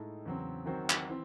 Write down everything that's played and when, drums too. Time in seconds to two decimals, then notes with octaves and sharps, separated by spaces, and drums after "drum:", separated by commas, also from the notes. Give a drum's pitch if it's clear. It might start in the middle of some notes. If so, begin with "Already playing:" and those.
Already playing: A2 G#3 D#4 A4
0.25 E2 C#3 F#3 C4
0.66 D#3 F#3 C4 F#4 C5
0.90 drum: clap
1.08 E3 C4